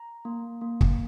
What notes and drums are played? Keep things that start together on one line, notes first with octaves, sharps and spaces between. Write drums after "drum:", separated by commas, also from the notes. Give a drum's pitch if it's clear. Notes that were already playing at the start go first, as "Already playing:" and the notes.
Already playing: A#5
A#3
A#3
drum: kick